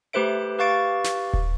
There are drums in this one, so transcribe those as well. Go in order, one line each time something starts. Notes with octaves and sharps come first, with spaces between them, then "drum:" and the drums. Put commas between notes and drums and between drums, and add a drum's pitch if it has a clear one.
A3 G4 B4 C5 E5 D7
G4 B4 F5 C#6 A6 D7
drum: snare
drum: kick D#1